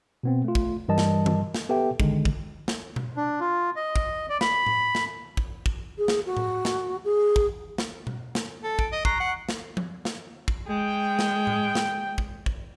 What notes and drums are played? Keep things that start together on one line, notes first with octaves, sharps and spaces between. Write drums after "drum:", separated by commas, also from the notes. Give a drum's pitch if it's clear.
B2 B3 C4
A3 F4
drum: kick
G2 E3 G3 A#4 D#5 A5
drum: snare
drum: tom
drum: snare
B3 G4 A4 B4 E5 G5
D3 D#3 G#3, drum: kick
drum: kick
drum: snare
drum: tom B2
D4
F4
D#5
drum: kick
D5
B5, drum: snare
drum: tom A2
drum: snare
drum: kick
drum: kick
G#4
drum: snare
F#4
drum: tom A2
drum: snare
G#4
drum: kick
drum: snare
drum: tom B2
drum: snare
A4
D7, drum: kick
D#5
A#5 C#6 F#6 C7, drum: kick
F#5
drum: snare
drum: tom F3
drum: snare
drum: kick
G#3 G5
drum: snare
drum: tom A2
drum: snare
drum: kick
drum: kick